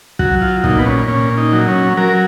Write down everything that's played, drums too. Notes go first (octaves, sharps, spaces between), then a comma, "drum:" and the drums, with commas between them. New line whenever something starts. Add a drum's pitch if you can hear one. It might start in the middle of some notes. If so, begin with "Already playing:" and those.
F#3 F#4, drum: kick
F4
A#2 D#4, drum: kick
B3
C#4
A#2 C#4
D#4
F#3
C#4
F#3 A#4